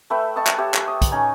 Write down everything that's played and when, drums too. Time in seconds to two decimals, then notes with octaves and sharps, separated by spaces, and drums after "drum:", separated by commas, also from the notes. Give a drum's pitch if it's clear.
0.10 A3 B4 E5 G5
0.36 D#5 E5 A5 C#6
0.47 drum: clap
0.58 G4 C#5 E5
0.74 drum: clap
0.88 D#6
1.02 drum: kick, hi-hat
1.12 C#4 D#4 G#5 A#5